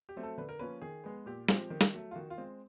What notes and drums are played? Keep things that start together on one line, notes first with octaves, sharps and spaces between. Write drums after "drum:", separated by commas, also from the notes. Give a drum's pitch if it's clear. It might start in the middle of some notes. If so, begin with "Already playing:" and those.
G4
F#3 A3 C4
A4
D3 B4
A#4
F3 A#3 C#4 B4
D#3 G#4
G#3 B3
A#2 G4
F3 G#3 C4 G4, drum: snare
D#3
drum: snare
F#3 A3
F4
D#3 F#4
F4
G#3 C4